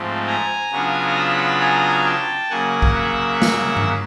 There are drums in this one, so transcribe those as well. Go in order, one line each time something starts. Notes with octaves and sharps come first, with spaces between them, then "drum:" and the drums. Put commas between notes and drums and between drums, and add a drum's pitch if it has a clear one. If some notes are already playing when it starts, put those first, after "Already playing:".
Already playing: G#2 F3 A3 C4
G#5 A#5
C#3 F#3 B3 D4 F4
A5 B5
G#5 A#5
G5 A5
C#3 F#3 A#3 F#5 G#5
drum: kick B1
E5 F#5
drum: snare
drum: tom G2